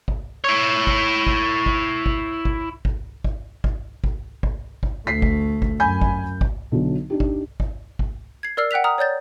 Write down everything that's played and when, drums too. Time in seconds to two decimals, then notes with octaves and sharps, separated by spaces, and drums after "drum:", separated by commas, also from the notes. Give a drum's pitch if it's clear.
0.08 drum: kick G#1
0.44 E4 C#5
0.87 drum: kick G#1
1.27 drum: kick G#1
1.66 drum: kick G#1
2.06 drum: kick G#1
2.45 drum: kick G#1
2.85 drum: kick G#1
3.24 drum: kick G#1
3.64 drum: kick G#1
4.04 drum: kick G#1
4.43 drum: kick G#1
4.83 drum: kick G#1
5.07 D2 A3 B6 C7
5.22 drum: kick G#1
5.62 drum: kick G#1
5.80 F#2 G#5 B5 G6
6.01 drum: kick G#1
6.41 drum: kick G#1
6.72 B1 D3 F#3
7.10 D4 D#4 G4
7.20 drum: kick G#1
7.60 drum: kick G#1
7.99 drum: kick G#1
8.43 G#6 C7
8.57 A#4 D5 E6 F6 C7
8.71 F#5 G5 F#6 B6 F7
8.84 A#5 D#6 F6
8.98 C#5 D5 G6 A6